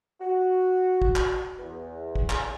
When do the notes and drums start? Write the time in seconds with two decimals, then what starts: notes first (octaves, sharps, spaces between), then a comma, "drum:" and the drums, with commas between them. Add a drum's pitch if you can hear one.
0.21 F#4
1.02 drum: kick
1.16 drum: clap
1.59 E2
2.15 drum: kick
2.30 drum: clap